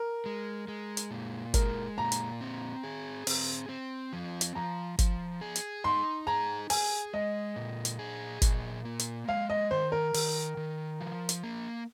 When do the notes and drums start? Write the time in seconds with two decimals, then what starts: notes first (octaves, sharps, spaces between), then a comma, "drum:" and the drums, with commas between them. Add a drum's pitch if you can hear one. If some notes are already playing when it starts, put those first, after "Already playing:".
Already playing: A#4
0.26 G#3
0.68 G#3
0.97 drum: hi-hat
1.11 A#2
1.54 G#3 A#4, drum: kick G1, hi-hat
1.98 A#2 A#5
2.12 drum: hi-hat
2.41 C4
2.83 G#4
3.27 C4, drum: open hi-hat
3.69 C4
4.13 F3
4.41 drum: hi-hat
4.55 F3 A#5
4.99 F3, drum: kick G1, hi-hat
5.41 G#4
5.56 drum: hi-hat
5.84 D#4 C6
6.27 G#4 A#5
6.70 G#4 G#5, drum: open hi-hat
7.14 G#3 D#5
7.56 A#2
7.85 drum: hi-hat
7.99 G#4
8.42 A#2, drum: kick G1, hi-hat
8.85 A#3
8.99 drum: hi-hat
9.28 G#3 F5
9.50 D#5
9.71 D#3 C5
9.92 A#4
10.14 D#3, drum: open hi-hat
10.57 D#3
11.01 F3
11.29 drum: hi-hat
11.44 A#3